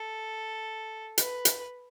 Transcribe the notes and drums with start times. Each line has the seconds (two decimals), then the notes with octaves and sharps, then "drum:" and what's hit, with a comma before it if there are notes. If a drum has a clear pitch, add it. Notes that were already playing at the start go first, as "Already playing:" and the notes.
Already playing: A4
1.18 B4, drum: hi-hat
1.45 drum: hi-hat